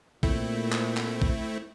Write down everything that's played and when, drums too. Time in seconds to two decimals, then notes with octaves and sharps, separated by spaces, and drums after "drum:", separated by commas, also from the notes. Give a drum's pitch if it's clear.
0.23 A#2 A3 C4 E4, drum: kick A#1
0.72 drum: clap
0.97 drum: clap
1.22 drum: kick A#1